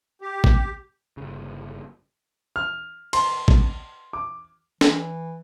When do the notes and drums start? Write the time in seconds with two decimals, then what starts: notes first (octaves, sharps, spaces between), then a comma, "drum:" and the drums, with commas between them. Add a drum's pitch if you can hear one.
0.21 G4
0.44 drum: kick A1
1.17 G1 C#3
2.56 F6
3.13 C6, drum: cymbal
3.48 drum: kick A1
4.13 D6
4.81 E3, drum: snare